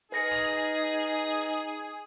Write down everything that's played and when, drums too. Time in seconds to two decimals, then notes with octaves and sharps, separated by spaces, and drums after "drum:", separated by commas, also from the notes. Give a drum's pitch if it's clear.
0.12 D#4 G#4 B4 A#6 C#7
0.32 drum: open hi-hat